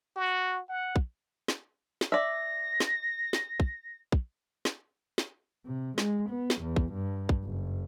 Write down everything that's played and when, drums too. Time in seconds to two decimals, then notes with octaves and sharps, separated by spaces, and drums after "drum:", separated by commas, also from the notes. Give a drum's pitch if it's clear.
0.16 F#4
0.69 F#5
0.96 drum: kick
1.48 drum: snare
2.01 drum: snare
2.12 D5 E5 A#6
2.80 drum: snare
3.33 drum: snare
3.60 drum: kick
4.12 drum: kick
4.65 drum: snare
5.18 drum: snare
5.65 C3
5.98 G#3, drum: snare
6.30 B3
6.50 drum: snare
6.62 E2
6.76 drum: kick
6.93 G2
7.29 drum: kick
7.44 F#1